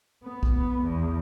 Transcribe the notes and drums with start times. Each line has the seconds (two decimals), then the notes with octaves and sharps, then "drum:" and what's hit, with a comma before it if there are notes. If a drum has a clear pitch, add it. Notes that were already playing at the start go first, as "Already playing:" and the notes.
0.24 B3
0.43 drum: kick
0.83 E2